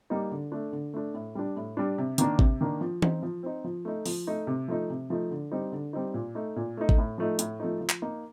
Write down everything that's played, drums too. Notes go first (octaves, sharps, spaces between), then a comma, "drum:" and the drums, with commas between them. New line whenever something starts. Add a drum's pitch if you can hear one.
G3 A#3 D#4
D3
A3 D4
D3
A3 D4
A2
G3 D4
A2
G3 D4
C3
D#3 A#3 D4, drum: hi-hat
C3, drum: kick G#1
D#3 A#3 D4
F3
C4 D#4, drum: tom E3
F3
C4 D#4
F3
A3 D#4
F3, drum: open hi-hat
A3 D#4
C3
F3 A3 D#4
C3
F3 A3 D#4
D3
G3 C4 D#4
D3
G3 C4 D#4
A#2
A3 D#4
A#2
A3 D#4
drum: kick G#1
A2
F3 A3 D#4
A2, drum: hi-hat
F3 A3 D#4
F3
drum: clap
A#3 D#4